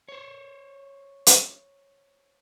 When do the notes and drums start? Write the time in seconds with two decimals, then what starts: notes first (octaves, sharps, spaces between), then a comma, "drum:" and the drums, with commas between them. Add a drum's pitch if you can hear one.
0.08 C5 C#5
1.27 drum: hi-hat